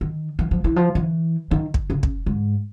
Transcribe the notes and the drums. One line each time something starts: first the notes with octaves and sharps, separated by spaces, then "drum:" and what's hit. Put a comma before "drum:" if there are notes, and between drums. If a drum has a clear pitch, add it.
D#3
E3
F3
E3
F3
E3
D#3
drum: kick
C#3
drum: kick
G#2